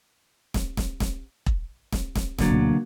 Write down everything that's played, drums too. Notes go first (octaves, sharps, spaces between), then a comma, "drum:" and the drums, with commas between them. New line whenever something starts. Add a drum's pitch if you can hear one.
drum: snare
drum: snare
drum: snare
drum: kick E1
drum: snare
drum: snare
B1 D3 F#3 A#3, drum: snare
D2 B2